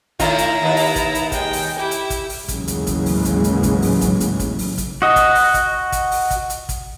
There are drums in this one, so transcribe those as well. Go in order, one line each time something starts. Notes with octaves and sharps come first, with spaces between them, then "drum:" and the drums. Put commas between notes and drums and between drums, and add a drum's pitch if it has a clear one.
A2 D#3 E4 F4 A#5, drum: kick, hi-hat
drum: hi-hat
D#2 B4
drum: open hi-hat
drum: kick, hi-hat
drum: hi-hat
G#3 G5, drum: kick, hi-hat
drum: open hi-hat
E4 G4
drum: hi-hat
drum: kick, hi-hat
drum: open hi-hat
D#2 A2 C#3 E3 F#3 G#3, drum: kick, hi-hat
drum: hi-hat
drum: kick, hi-hat
drum: open hi-hat
drum: kick, hi-hat
drum: hi-hat
drum: kick, hi-hat
drum: open hi-hat
drum: kick, hi-hat
drum: hi-hat
drum: kick, hi-hat
drum: open hi-hat
drum: kick, hi-hat
F#4 D#5
drum: kick, hi-hat
drum: open hi-hat
drum: kick, hi-hat
drum: kick, hi-hat
drum: open hi-hat
drum: kick, hi-hat
drum: hi-hat
drum: kick, hi-hat